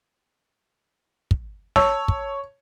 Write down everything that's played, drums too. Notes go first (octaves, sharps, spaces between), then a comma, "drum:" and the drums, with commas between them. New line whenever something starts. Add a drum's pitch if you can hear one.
drum: kick
C#5 A5 E6, drum: snare
drum: kick